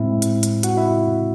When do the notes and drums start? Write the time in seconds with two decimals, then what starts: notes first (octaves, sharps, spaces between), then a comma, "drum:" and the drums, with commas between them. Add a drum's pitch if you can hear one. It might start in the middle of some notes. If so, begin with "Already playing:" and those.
Already playing: A2 G#3 C4 E4 E5
0.22 drum: hi-hat
0.43 drum: hi-hat
0.63 F#4 F#5, drum: hi-hat
0.77 E4 E5